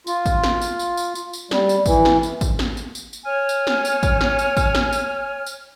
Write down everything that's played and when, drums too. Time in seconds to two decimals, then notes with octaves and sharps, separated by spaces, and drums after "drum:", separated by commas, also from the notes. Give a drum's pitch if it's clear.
0.07 F4, drum: tambourine
0.26 drum: kick G#1, tambourine
0.44 drum: snare
0.61 drum: tambourine
0.79 drum: tambourine
0.97 drum: tambourine
1.15 drum: tambourine
1.33 drum: tambourine
1.51 G3, drum: snare
1.69 drum: tambourine
1.86 E3, drum: kick G#1, tambourine
2.05 drum: snare
2.23 drum: tambourine
2.41 drum: kick G#1, tambourine
2.59 drum: snare
2.77 drum: tambourine
2.95 drum: tambourine
3.13 drum: tambourine
3.24 C#5 G#5 F6
3.49 drum: tambourine
3.67 drum: snare
3.85 drum: tambourine
4.03 drum: kick G#1, tambourine
4.21 drum: snare
4.39 drum: tambourine
4.57 drum: kick G#1, tambourine
4.75 drum: snare
4.93 drum: tambourine
5.46 drum: tambourine